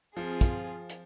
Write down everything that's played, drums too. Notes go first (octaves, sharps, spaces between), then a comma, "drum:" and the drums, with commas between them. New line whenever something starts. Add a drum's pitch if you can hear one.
F3 C4 F4 G#4
drum: kick, hi-hat
drum: hi-hat